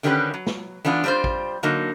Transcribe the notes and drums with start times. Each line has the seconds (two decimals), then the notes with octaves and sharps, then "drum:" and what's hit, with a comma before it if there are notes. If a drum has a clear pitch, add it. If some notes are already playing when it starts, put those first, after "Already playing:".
0.03 D3 D#3 G3 C#4 G4 B4
0.34 F#3
0.46 drum: snare
0.85 E3 B3 D4 F4
1.04 G3 C4 D4 F4 C5
1.24 drum: kick
1.63 D3 F#3 A#3 D#4